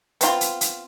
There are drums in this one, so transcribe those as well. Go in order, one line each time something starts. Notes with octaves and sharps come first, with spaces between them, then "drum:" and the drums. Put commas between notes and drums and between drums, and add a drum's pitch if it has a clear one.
B3 C4 F4, drum: hi-hat
drum: hi-hat
drum: hi-hat